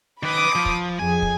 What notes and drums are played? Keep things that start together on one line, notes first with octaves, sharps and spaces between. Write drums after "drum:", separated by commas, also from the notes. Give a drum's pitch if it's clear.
D#3 B4 B5 D6 D#6
F3
drum: kick
F2 G#4 G#5
drum: kick